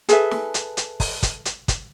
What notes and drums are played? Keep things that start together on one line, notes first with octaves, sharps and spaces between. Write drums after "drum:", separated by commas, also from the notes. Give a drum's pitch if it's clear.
G#4 A4 B4 E5, drum: hi-hat
drum: snare
drum: hi-hat
drum: hi-hat
drum: kick, open hi-hat
drum: kick, hi-hat
drum: hi-hat
drum: kick, hi-hat